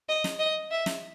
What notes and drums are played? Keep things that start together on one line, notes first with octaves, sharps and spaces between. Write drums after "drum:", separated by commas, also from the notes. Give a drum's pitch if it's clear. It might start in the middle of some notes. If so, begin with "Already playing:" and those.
D#5
drum: snare
D#5
E5
drum: snare